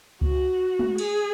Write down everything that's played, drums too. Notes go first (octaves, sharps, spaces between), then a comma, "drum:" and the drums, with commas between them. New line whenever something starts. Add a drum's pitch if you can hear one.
F#4, drum: kick C#2
drum: tom G#3
G#4, drum: cymbal